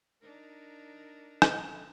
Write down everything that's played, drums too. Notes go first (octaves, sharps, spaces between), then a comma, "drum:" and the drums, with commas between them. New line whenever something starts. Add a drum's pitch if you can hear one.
D4 D#4 A#4
drum: rim click